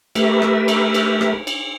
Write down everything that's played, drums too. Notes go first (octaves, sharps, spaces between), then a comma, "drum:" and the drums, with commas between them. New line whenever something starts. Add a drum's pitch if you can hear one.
A3 G4 A#4 B4 E5, drum: cymbal
drum: rim click
drum: cymbal
drum: cymbal
drum: rim click
drum: cymbal